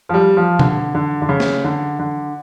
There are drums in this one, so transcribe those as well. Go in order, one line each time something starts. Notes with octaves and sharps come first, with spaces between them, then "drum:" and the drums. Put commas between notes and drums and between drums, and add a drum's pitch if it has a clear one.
F3
G3
F3
D3, drum: tom
D3
D3
C#3
drum: snare
D3
D3